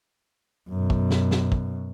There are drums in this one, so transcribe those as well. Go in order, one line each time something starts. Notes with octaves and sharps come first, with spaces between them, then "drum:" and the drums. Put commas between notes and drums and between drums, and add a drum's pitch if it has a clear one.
F#2 B2
drum: kick
drum: snare
drum: snare
drum: kick